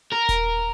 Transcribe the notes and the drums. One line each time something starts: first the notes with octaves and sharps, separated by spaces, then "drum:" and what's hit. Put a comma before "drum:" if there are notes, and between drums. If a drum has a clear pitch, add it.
A#4
drum: kick D#1, hi-hat